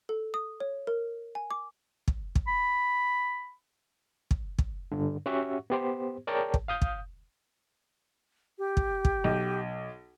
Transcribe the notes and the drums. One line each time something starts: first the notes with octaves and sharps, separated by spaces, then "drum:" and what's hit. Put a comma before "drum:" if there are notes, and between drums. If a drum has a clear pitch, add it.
A4
D#6
C#5
A#4
G#5
D6
drum: kick
drum: kick
B5
drum: kick
drum: kick
G2 D3
C#4 F#4 G4 E5 F#5 C#6
B3 G4 C5
G#4 A#4 C#5 D5 G5 A5
drum: kick
F5 D#6 G6
drum: kick
G4
drum: kick
drum: kick
B1